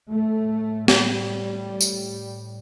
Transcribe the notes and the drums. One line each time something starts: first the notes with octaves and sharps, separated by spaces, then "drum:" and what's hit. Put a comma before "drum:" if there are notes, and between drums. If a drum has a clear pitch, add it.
A2 A3
G3, drum: snare
drum: tambourine